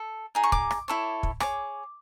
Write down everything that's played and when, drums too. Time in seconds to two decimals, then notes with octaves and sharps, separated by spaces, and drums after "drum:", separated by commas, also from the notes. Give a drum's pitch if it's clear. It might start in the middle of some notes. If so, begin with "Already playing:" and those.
Already playing: A4
0.35 D#4 G#4
0.44 C#6
0.52 D6, drum: kick
0.71 drum: rim click
0.88 E4 A4 C#5
1.23 drum: kick
1.40 G#4 C#5 D6, drum: rim click